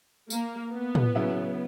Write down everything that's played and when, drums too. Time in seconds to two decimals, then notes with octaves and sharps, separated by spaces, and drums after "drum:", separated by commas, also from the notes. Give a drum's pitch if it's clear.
0.30 A#3, drum: tambourine
0.73 B3
0.95 drum: tom
1.15 C#3 F#3 C#4 E4